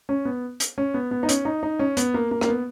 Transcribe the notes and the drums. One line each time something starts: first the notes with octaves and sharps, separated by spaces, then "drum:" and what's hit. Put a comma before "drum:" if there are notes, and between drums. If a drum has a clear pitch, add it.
C#4
B3
drum: hi-hat
C#4
B3
B3
D#4
C#4, drum: hi-hat
D#4
D#4
C#4
B3, drum: hi-hat
A#3
A#3
A#3, drum: rim click
B3